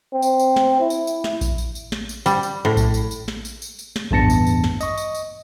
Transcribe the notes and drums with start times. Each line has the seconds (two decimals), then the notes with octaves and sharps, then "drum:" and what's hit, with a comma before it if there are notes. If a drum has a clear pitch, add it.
0.13 C4
0.22 drum: tambourine
0.39 drum: tambourine
0.56 drum: snare
0.80 E4
0.90 drum: tambourine
1.07 drum: tambourine
1.24 drum: snare
1.41 drum: kick A#1, tambourine
1.58 drum: tambourine
1.75 drum: tambourine
1.92 drum: snare
2.09 drum: tambourine
2.26 G3, drum: tambourine
2.43 drum: tambourine
2.65 A2
2.77 drum: kick A#1, tambourine
2.94 drum: tambourine
3.11 drum: tambourine
3.28 drum: snare
3.45 drum: tambourine
3.62 drum: tambourine
3.79 drum: tambourine
3.96 drum: snare
4.11 A1 E2 G2 A5 A#6 C#7, drum: kick A#1
4.30 drum: tambourine
4.47 drum: tambourine
4.64 drum: snare
4.81 D#5 C#6, drum: tambourine
4.98 drum: tambourine
5.15 drum: tambourine